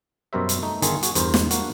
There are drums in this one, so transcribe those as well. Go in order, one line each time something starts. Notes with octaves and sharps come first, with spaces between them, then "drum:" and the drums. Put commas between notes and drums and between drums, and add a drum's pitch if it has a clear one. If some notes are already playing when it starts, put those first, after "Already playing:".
F#2 B2 G3 A#4 C5 E5
drum: hi-hat
A3 D#4
G1 D3 D#3 F4 G#4 A4, drum: hi-hat
F#4 G#4, drum: hi-hat
E2 G2 A#4 C5, drum: hi-hat
drum: snare
A#3 D4 F#4 F5 F#5, drum: hi-hat